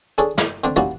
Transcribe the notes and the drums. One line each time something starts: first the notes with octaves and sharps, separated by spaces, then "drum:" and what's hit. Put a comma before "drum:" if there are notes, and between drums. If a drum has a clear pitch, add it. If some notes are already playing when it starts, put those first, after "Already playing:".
D4 G#4 A4 C#5
E4, drum: snare
D3 A3 C4 D4
G3 A#3 C#4 D#4 E4 F#4